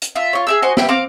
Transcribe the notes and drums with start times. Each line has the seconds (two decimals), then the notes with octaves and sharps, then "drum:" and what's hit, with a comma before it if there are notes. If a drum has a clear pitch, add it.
0.02 drum: hi-hat
0.15 F4 E5
0.33 F4 C#5
0.47 G#4 E5 E6
0.62 F#4 C5 D#5 G#5
0.77 E4 G4, drum: snare
0.89 C4 F5 D6